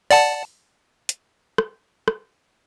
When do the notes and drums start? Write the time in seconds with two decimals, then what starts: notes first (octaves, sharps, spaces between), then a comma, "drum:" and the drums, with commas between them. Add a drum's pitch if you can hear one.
0.11 D5 F#5 A5, drum: open hi-hat
1.09 drum: hi-hat
1.58 drum: rim click
2.08 drum: rim click